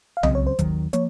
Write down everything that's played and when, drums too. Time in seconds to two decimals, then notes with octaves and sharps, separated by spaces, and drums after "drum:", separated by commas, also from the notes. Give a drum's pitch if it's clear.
0.17 F5
0.23 C#2 C#3 F#3 C4 D#5, drum: tom C2
0.35 C#5
0.47 C5
0.59 D#2 D#3 F#3, drum: kick G#1, hi-hat
0.93 F3 A#3 C#5, drum: hi-hat